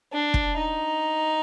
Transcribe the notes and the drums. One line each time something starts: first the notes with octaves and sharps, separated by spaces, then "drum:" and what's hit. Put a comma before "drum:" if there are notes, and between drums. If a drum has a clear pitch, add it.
D4
drum: kick
D#4